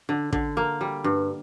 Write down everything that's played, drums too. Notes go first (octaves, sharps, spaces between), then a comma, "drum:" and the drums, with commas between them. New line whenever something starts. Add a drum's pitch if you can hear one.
D3
D3, drum: kick
A#3
G3
G2